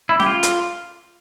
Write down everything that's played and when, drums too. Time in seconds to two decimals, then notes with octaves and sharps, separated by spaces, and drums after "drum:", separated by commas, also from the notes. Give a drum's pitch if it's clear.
0.09 E4
0.20 G4, drum: snare C#4
0.26 F4
0.43 drum: hi-hat